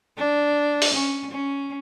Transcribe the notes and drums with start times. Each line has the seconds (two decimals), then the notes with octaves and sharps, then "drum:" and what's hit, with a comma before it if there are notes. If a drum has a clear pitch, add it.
0.17 D4
0.82 drum: open hi-hat
0.94 C#4
1.31 C#4